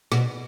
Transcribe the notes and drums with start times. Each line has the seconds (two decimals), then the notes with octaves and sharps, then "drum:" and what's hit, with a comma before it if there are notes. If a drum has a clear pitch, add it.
0.12 B2, drum: rim click